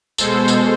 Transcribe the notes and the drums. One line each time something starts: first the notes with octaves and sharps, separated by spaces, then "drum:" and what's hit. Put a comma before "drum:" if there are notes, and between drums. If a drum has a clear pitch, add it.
B2 G#3 A4 C5, drum: tambourine
drum: tambourine